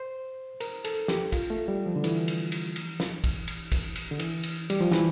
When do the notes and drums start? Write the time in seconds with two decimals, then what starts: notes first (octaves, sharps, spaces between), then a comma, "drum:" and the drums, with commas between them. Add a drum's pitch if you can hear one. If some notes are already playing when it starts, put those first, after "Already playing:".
Already playing: C5
0.60 A#4, drum: cymbal
0.85 A4, drum: cymbal
1.08 G4, drum: snare
1.32 F4, drum: kick, cymbal
1.50 A3
1.68 G3
1.86 F3
1.96 D3
2.04 E3, drum: cymbal
2.28 drum: cymbal
2.52 drum: cymbal
2.76 drum: cymbal
3.00 drum: snare
3.24 drum: kick, cymbal
3.48 drum: cymbal
3.72 drum: kick, cymbal
3.96 drum: cymbal
4.12 D3
4.20 E3, drum: cymbal
4.44 drum: cymbal
4.70 G3, drum: cymbal
4.81 F3
4.92 E3, drum: snare